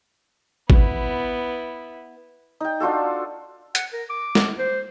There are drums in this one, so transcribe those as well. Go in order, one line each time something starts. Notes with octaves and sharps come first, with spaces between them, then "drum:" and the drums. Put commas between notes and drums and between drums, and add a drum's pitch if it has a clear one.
B3 E4, drum: kick G#1
D#4 G5
D4 F4 F#4 A4
F#5, drum: hi-hat
A#4
D6
drum: snare G#3
C5